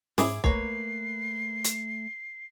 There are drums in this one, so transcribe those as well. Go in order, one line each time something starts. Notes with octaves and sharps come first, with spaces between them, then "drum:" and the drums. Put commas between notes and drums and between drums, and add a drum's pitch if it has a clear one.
G#2 E4 G#4 D6, drum: snare
A3 A#3 B4 C#5 A#5 C7, drum: kick B1
drum: hi-hat